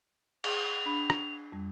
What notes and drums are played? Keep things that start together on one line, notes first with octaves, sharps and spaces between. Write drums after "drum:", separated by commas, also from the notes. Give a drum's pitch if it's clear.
G#4 F7, drum: cymbal
D4 B5
drum: rim click
F2 G3